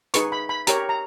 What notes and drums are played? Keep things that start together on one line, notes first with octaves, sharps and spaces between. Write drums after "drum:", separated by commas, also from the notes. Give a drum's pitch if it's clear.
D#4 G#4 B4 C#6, drum: hi-hat
B5
B5
G4 A#4 C#5 A#5, drum: hi-hat
A#5